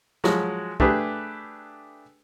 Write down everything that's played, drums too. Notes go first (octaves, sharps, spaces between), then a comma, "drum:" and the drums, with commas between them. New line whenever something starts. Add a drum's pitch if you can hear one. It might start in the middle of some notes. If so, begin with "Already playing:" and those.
F3 F#3 G#3 F#4, drum: snare
A3 D4 G4 G#4 B4, drum: kick